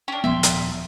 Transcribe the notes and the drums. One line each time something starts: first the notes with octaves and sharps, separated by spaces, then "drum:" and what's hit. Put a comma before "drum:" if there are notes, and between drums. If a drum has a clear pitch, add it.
C#4 D4 G5
D#1 F3 G#3 B3 E5 G5 C6
drum: hi-hat